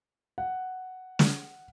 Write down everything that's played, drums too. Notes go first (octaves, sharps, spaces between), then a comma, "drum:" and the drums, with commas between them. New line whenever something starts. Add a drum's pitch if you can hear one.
F#5
drum: snare